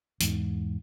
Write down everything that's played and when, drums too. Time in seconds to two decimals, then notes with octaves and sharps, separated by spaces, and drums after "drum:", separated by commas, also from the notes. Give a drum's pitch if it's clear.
0.20 E2 G#2, drum: hi-hat